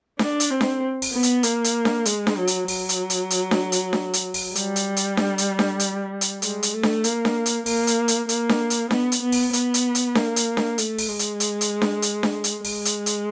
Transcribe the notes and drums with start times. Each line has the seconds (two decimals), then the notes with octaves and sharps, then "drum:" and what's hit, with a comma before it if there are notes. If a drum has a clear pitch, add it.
0.19 D4, drum: snare D4
0.40 drum: hi-hat
0.50 C4
0.61 drum: snare D4
1.02 drum: open hi-hat
1.12 B3
1.23 drum: hi-hat
1.43 A#3, drum: hi-hat
1.64 drum: hi-hat
1.85 drum: snare D4
2.05 G#3, drum: hi-hat
2.27 drum: snare D4
2.37 F#3
2.47 drum: hi-hat
2.68 F#3, drum: open hi-hat
2.89 drum: hi-hat
3.10 drum: hi-hat
3.30 drum: hi-hat
3.51 drum: snare D4
3.72 drum: hi-hat
3.93 drum: snare D4
4.13 drum: hi-hat
4.34 drum: open hi-hat
4.55 G3, drum: hi-hat
4.76 drum: hi-hat
4.97 drum: hi-hat
5.17 drum: snare D4
5.38 drum: hi-hat
5.59 drum: snare D4
5.80 drum: hi-hat
6.21 drum: hi-hat
6.42 G#3, drum: hi-hat
6.63 drum: hi-hat
6.73 A3
6.83 drum: snare D4
7.04 A#3, drum: hi-hat
7.25 drum: snare D4
7.46 drum: hi-hat
7.66 A#3, drum: open hi-hat
7.87 drum: hi-hat
8.08 drum: hi-hat
8.29 A#3, drum: hi-hat
8.49 drum: snare D4
8.70 drum: hi-hat
8.91 B3, drum: snare D4
9.12 drum: hi-hat
9.22 B3
9.32 drum: open hi-hat
9.53 B3, drum: hi-hat
9.74 drum: hi-hat
9.95 drum: hi-hat
10.15 A#3, drum: snare D4
10.36 drum: hi-hat
10.57 drum: snare D4
10.78 A3, drum: hi-hat
10.98 drum: open hi-hat
11.09 G#3
11.19 drum: hi-hat
11.40 drum: hi-hat
11.61 drum: hi-hat
11.82 drum: snare D4
12.02 drum: hi-hat
12.23 drum: snare D4
12.44 drum: hi-hat
12.65 G#3, drum: open hi-hat
12.85 drum: hi-hat
13.06 drum: hi-hat